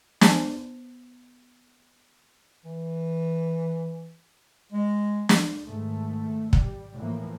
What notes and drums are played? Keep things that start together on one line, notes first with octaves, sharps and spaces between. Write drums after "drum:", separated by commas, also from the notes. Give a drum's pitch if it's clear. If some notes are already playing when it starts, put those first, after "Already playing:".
B3 C5 G#5, drum: snare
E3
G#3
drum: snare
G#2 D#3 A3
G3, drum: kick
A2 E3 F3 A#3